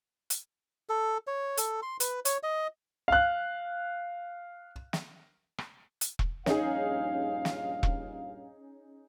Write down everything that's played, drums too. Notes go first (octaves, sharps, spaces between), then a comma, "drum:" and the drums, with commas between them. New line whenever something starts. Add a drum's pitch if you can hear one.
drum: hi-hat
A4
C#5
A4, drum: hi-hat
C6
B4, drum: hi-hat
C#5, drum: hi-hat
D#5
F5 F#6
drum: snare
drum: rim click
drum: hi-hat
drum: kick E1
A#1 G2 C#4 D#4 G#4 F5, drum: snare
drum: snare
drum: kick E1